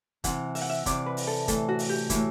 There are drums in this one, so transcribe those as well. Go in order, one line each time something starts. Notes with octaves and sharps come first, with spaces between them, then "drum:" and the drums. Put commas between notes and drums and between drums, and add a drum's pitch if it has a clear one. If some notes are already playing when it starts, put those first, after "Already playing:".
C3 E3 F#5, drum: kick, hi-hat
E5, drum: open hi-hat
F#5
E5
C3 E3 D5, drum: kick, hi-hat
B4
drum: open hi-hat
A4
A2 E3 A4, drum: kick, hi-hat
F#4
drum: open hi-hat
G4
A2 E3 E4, drum: kick, hi-hat